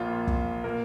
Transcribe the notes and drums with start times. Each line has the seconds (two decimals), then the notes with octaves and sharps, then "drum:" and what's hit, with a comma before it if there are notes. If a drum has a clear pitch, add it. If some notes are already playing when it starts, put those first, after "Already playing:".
Already playing: A#1 A#2 A#3 F4
0.27 drum: kick
0.64 A#2 A#3 A#4